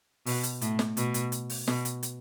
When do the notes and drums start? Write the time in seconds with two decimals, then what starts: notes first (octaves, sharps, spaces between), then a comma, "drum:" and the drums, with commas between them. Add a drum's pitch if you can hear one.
0.26 B2, drum: open hi-hat
0.43 drum: hi-hat
0.61 A2, drum: hi-hat
0.79 drum: snare
0.97 B2, drum: hi-hat
1.14 drum: hi-hat
1.32 drum: hi-hat
1.50 drum: open hi-hat
1.68 B2, drum: snare
1.85 drum: hi-hat
2.03 drum: hi-hat